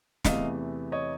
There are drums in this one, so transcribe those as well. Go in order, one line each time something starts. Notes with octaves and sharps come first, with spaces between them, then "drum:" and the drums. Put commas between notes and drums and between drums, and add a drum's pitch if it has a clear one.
E2 C3 E3 A3 D#5 F5, drum: snare
C#5 D#5